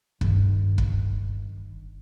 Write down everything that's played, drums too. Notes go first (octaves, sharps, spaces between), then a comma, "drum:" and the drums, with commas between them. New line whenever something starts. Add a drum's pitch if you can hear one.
G1 D#3, drum: kick
drum: kick